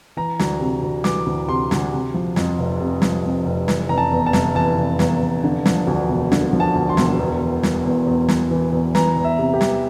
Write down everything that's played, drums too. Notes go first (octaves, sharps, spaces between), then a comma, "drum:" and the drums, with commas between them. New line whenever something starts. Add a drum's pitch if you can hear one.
E3 A#5
D2, drum: snare
C3
D2
E3 D6, drum: snare
D2
C3 C6
D2, drum: snare
C3
F3
F2, drum: snare
F1
C3
F3, drum: snare
F2
F1
E3, drum: snare
F1 A#5
A5
E2
A5
F1, drum: snare
E3 A5
F1
E2, drum: snare
F1
D3
F3, drum: snare
D2
E1
D3, drum: snare
F3
A5
D2
C6
E1, drum: snare
E2
E3
E3, drum: snare
E2
E2
E3, drum: snare
E3
E2
E3 A#5, drum: snare
E2
E5
C3
G4
E2, drum: snare